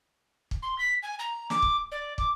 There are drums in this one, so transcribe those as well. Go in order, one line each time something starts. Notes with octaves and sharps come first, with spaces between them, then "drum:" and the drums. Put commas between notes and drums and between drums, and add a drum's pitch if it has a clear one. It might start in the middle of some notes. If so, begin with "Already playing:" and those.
drum: kick
C6
B6
G#5
A#5
D6, drum: snare
drum: kick
D5
D6, drum: kick